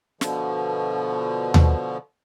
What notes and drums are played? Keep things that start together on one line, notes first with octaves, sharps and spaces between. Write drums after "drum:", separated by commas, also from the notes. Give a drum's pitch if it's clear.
B2 D3 F3, drum: snare
drum: tom D#2